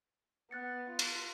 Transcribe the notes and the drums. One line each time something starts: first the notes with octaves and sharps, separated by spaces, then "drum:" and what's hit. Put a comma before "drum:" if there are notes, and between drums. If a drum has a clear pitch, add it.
B3 F#6 A6 C#7
F4
drum: cymbal